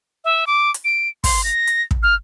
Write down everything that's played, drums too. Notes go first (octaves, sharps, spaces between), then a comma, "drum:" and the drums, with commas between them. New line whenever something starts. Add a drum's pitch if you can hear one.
E5
D6
drum: hi-hat
D7
C6, drum: kick, open hi-hat
A#6
drum: hi-hat
drum: kick
F6